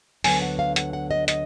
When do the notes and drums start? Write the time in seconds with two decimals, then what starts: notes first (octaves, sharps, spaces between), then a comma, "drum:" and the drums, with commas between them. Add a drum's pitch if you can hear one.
0.24 D2 D3 F#3 B3 G#5, drum: open hi-hat
0.42 F#5
0.59 F5
0.76 F#5, drum: hi-hat
0.93 F#5
1.11 D#5
1.28 D#5, drum: hi-hat